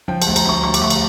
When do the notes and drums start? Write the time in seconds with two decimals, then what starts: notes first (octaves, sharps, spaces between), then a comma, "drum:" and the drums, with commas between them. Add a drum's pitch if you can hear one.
0.08 F3 G5
0.22 A5, drum: cymbal
0.27 D2
0.36 A#5, drum: cymbal
0.45 D2 C#6
0.63 D2 C#6
0.74 D6, drum: cymbal
0.81 D2 C#6
0.90 drum: cymbal